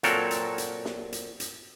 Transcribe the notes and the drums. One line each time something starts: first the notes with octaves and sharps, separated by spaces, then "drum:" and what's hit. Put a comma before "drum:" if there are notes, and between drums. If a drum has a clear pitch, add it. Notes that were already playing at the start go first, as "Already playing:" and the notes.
A#2 F#3 C4 A4 A#4, drum: hi-hat
drum: hi-hat
drum: hi-hat
drum: snare
drum: hi-hat
drum: hi-hat